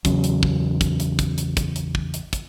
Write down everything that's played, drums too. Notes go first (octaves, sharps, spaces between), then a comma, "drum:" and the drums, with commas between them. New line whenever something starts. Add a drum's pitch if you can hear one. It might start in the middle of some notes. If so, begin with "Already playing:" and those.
E2 C#3 F#3 C#4, drum: kick, hi-hat
drum: hi-hat
drum: kick
drum: kick, hi-hat
drum: hi-hat
drum: kick, hi-hat
drum: hi-hat
drum: kick, hi-hat
drum: hi-hat
drum: kick
drum: hi-hat
drum: kick, hi-hat